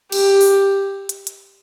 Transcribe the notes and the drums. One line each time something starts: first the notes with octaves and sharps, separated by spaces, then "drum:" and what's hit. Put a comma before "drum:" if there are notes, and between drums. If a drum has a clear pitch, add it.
G4, drum: cymbal
drum: open hi-hat
drum: hi-hat
drum: hi-hat